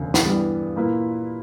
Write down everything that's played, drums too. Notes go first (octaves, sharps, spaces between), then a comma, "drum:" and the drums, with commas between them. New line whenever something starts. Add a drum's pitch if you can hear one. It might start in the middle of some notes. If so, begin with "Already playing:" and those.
Already playing: E1 D2 C#3
drum: snare
G2 E3 G3 B3 D4
A#2 A#3 E4 B4